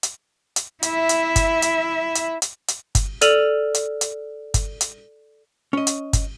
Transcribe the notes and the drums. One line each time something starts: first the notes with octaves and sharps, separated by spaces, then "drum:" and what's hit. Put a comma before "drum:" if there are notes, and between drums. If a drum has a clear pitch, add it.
drum: hi-hat
drum: hi-hat
E4 E5, drum: hi-hat
drum: hi-hat
drum: kick, hi-hat
drum: hi-hat
drum: hi-hat
drum: hi-hat
drum: hi-hat
drum: kick, hi-hat
A4 D5 F6 D#7 F7 F#7, drum: hi-hat
drum: hi-hat
drum: hi-hat
drum: kick, hi-hat
drum: hi-hat
C#4 D#5
drum: hi-hat
drum: kick, hi-hat